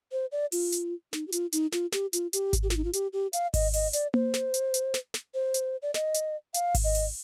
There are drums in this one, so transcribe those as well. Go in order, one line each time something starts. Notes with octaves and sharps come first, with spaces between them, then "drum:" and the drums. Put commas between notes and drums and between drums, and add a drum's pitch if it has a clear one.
C5
D5
F4, drum: open hi-hat
drum: hi-hat
D#4, drum: snare
G4
F4, drum: hi-hat
D#4, drum: hi-hat
F4, drum: snare
G4, drum: snare
F4, drum: hi-hat
G4, drum: hi-hat
drum: kick G#1, hi-hat
G4
F4, drum: snare
D#4
F4
G4, drum: hi-hat
G4
F5, drum: hi-hat
D#5, drum: kick G#1, open hi-hat
D#5, drum: open hi-hat
D5, drum: hi-hat
C5, drum: tom A#3
drum: snare
drum: hi-hat
drum: hi-hat
drum: snare
drum: snare
C5
drum: hi-hat
D5
D#5, drum: snare
drum: hi-hat
F5, drum: hi-hat
drum: kick G#1, open hi-hat
D#5
drum: open hi-hat